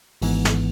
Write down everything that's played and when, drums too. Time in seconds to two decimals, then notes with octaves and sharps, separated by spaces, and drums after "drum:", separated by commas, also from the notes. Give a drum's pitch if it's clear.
0.22 G#1 G#2 E3 B3, drum: open hi-hat
0.45 drum: snare